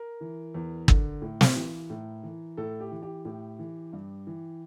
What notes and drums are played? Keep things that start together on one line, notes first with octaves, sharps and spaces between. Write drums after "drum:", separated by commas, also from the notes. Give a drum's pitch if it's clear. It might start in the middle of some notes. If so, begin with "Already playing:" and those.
Already playing: A#4
E3
E2
D3, drum: kick G1
A2
drum: snare
E3
A2
E3
A2 A4
G4
E3
G4
A2 G4
E3
G2
E3